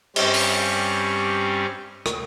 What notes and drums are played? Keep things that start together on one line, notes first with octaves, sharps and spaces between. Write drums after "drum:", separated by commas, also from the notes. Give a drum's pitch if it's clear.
G2 G3 C4 C#4, drum: cymbal
drum: open hi-hat
drum: rim click